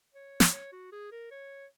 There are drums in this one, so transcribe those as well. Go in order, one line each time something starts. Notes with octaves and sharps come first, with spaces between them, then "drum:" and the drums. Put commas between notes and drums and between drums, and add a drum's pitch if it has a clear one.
C#5
drum: snare
C#5
F#4
G#4
A#4
C#5